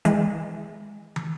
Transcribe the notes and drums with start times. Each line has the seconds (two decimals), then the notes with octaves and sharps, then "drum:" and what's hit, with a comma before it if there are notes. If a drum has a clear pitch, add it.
0.05 E3 G#3, drum: hi-hat
1.16 drum: tom